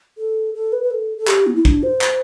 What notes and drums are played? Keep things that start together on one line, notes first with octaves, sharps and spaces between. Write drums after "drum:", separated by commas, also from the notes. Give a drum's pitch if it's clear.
A4
A4
B4
B4
A4
A4
G4, drum: clap
B3
E4
D4, drum: kick
C5
drum: clap